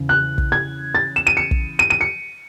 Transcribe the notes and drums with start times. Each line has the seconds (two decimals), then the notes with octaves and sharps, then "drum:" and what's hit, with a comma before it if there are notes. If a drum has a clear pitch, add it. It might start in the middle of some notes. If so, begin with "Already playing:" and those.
Already playing: E2 C#3
0.09 F#6
0.38 drum: kick
0.52 G#6
0.95 A6
1.16 E7
1.27 D#7
1.37 C#7
1.51 drum: kick
1.79 D#7
1.90 D#7
2.01 C#7